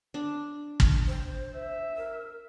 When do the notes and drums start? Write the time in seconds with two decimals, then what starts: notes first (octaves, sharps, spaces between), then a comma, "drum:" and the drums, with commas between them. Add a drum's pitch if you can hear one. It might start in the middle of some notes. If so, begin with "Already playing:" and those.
0.14 D4
0.80 drum: kick
1.07 C5
1.56 E5
1.97 A#4